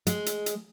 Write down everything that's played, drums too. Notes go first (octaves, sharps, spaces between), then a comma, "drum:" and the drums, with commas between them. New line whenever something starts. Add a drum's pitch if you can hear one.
G#3, drum: hi-hat
drum: hi-hat
drum: hi-hat